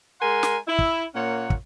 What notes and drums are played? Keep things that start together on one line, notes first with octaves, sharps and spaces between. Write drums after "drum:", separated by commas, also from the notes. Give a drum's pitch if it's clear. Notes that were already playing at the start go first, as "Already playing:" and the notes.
G#3 A#4 F#5 G#5 C6
drum: snare
E4
drum: kick
A#2 A#3 C#4 C#5 F#5
drum: kick